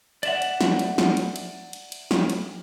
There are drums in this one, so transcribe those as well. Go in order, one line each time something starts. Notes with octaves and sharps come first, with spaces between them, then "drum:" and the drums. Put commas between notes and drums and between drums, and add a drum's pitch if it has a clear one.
D5 E5 F#5, drum: cymbal
drum: cymbal
drum: snare
drum: cymbal
drum: snare
drum: cymbal
drum: cymbal
drum: cymbal
drum: cymbal
drum: snare
drum: cymbal